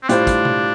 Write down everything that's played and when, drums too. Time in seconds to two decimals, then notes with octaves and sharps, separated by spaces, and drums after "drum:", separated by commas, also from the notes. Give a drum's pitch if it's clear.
0.03 C4
0.09 A2 G3 D4 F4 C5, drum: hi-hat
0.27 drum: kick, hi-hat
0.45 drum: tom B2